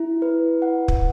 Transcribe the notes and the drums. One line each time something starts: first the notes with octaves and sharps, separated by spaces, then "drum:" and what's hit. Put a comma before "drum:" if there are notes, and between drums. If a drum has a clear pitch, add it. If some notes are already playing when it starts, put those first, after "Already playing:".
Already playing: E4
B4
F#5
drum: kick